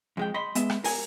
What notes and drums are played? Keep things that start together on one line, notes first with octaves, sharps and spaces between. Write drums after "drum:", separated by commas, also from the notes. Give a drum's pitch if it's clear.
F2 G#3 G5
D#5 B5 C6
G#3 B3 E5, drum: hi-hat
drum: rim click
A#4 G#5, drum: open hi-hat